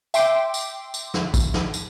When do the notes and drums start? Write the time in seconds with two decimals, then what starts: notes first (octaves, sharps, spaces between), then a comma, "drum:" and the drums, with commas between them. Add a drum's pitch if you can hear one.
0.14 E5 G5 C6 D6, drum: tambourine
0.54 drum: tambourine
0.94 drum: tambourine
1.14 drum: snare
1.34 drum: kick, tambourine
1.54 drum: snare
1.74 drum: tambourine